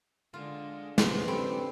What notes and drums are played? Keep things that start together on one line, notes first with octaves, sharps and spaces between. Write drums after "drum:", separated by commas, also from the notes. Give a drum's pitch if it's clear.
D3 G#3 F4
E3 B3 C#4 C5 D#5 F#5, drum: snare
D3 C4 G4 A4 B5